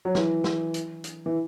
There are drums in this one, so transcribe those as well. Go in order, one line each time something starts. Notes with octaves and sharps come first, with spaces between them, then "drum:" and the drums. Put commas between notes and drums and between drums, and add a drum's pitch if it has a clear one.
F#3
E3, drum: snare
drum: snare
drum: hi-hat
drum: hi-hat
E3